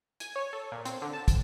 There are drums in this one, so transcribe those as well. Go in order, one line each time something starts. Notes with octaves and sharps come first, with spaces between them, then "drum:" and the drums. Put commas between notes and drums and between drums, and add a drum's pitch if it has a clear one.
G#5, drum: hi-hat
C#5
A4
A#2
C4, drum: hi-hat
D3
A5
drum: kick, hi-hat